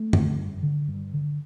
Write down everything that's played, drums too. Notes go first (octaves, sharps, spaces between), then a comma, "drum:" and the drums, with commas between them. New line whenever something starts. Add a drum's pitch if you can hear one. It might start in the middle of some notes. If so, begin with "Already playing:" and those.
Already playing: A3
D3, drum: tom F#2
G2
D3
G2
D3